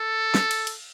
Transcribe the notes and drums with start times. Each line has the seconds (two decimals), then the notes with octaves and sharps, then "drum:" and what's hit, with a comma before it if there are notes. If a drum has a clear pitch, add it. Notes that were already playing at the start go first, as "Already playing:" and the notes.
Already playing: A4
0.35 drum: snare
0.51 drum: cymbal
0.67 drum: cymbal